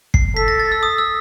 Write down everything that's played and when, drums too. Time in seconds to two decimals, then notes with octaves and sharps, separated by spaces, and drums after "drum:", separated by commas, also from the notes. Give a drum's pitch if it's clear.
0.14 C7, drum: kick
0.36 A4 B6
0.48 A#6
0.60 A6
0.72 E6
0.83 D#6
0.98 E6